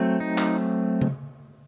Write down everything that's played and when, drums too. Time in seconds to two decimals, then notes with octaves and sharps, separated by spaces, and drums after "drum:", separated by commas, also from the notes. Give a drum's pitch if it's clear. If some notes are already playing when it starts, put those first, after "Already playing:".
Already playing: F#3 A3 C4
0.20 D#4
0.38 drum: clap
1.02 drum: tom C#3